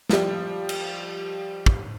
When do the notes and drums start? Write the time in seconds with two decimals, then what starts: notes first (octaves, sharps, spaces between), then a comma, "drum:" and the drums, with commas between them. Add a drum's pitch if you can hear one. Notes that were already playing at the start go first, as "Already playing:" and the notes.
0.09 F3 G3, drum: snare
0.69 drum: cymbal
1.66 drum: kick